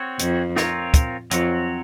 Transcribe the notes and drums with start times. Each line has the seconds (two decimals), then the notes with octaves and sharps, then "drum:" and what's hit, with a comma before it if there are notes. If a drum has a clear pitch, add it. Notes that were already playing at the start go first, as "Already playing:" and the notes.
Already playing: C4 F#4 C#5
0.19 F2, drum: hi-hat
0.56 C4 F4 A#4 C#5, drum: snare
0.94 drum: kick, hi-hat
1.31 F2 F#3 C4 F#4 C#5, drum: hi-hat